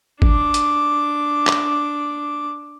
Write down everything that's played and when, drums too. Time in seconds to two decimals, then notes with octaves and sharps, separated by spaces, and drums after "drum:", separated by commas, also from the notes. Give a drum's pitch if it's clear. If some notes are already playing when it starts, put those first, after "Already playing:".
0.22 D4 D6, drum: kick
0.54 drum: hi-hat
1.47 drum: clap